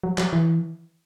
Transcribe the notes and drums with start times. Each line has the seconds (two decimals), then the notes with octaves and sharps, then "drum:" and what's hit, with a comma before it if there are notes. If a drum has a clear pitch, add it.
0.03 F#3
0.18 F#3, drum: clap
0.33 E3